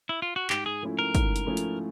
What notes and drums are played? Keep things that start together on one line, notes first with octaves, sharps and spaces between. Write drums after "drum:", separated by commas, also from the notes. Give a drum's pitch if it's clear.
E4
F4
F#4
G#2 G4, drum: clap
G#4
F3 A3 C#4 E4
A#4
G#2, drum: kick, hi-hat
drum: hi-hat
F3 A3 C#4 E4
drum: hi-hat